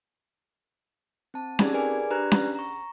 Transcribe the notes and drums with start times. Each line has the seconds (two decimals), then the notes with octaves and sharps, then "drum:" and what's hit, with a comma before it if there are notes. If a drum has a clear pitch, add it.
1.34 C4 A5
1.59 C4 C#4 D#4 G4 G#4 D5, drum: snare C#4
1.74 G#4 A#4 B4 D5 G#5
2.10 D4 G4 B4 D5 A#5 F#6
2.32 drum: snare C#4
2.55 A#5 C#6